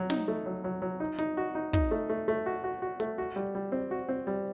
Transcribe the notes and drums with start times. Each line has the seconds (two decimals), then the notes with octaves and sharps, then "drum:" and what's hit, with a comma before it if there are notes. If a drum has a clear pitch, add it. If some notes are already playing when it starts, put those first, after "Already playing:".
Already playing: F#3
0.10 D#4, drum: snare
0.28 A3
0.46 F#3
0.64 F#3
0.82 F#3
1.00 D#4
1.19 D#4, drum: hi-hat
1.37 F#4
1.55 D#4
1.73 D#4, drum: kick
1.91 A3
2.10 A3
2.28 A3
2.46 F#4
2.64 F#4
2.82 F#4
3.00 A3, drum: hi-hat
3.18 F#4
3.36 G3
3.55 G3
3.72 C4
3.91 F#4
4.09 C4
4.27 G3